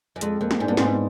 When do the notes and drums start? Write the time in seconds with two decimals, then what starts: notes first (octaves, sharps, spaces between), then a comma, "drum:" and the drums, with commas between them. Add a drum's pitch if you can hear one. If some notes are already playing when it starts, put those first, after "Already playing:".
0.16 F#2
0.21 F2 G#3, drum: hi-hat
0.41 F2 A#3
0.51 drum: snare
0.60 G#2 D4
0.68 G2
0.72 B3
0.77 G#2 C4, drum: snare
0.89 C4